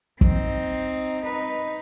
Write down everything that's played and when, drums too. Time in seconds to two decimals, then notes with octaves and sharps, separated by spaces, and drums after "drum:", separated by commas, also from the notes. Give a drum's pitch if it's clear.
0.21 C4 D#4, drum: kick
1.24 D#4 B4